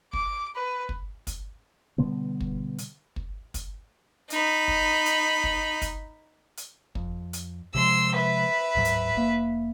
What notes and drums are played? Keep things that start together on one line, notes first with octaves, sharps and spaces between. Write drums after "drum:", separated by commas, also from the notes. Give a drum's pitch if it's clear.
D6, drum: kick
B4
drum: kick
drum: kick, hi-hat
B2 D3 G3 B3
drum: kick
drum: hi-hat
drum: kick
drum: kick, hi-hat
D#4 B5, drum: hi-hat
drum: kick
drum: hi-hat
drum: kick
drum: kick, hi-hat
drum: hi-hat
F2, drum: kick
drum: hi-hat
C3 F3 G#3 C6 E6
B4 E5
D1 G#2 F#3
drum: hi-hat
F1 A#3